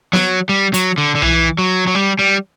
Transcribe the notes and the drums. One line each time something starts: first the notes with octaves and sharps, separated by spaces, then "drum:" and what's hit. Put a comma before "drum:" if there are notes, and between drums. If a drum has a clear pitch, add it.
F#3, drum: snare
G3
F#3, drum: hi-hat
D3
D3
E3, drum: tom B1
F#3
F#3
G3
G3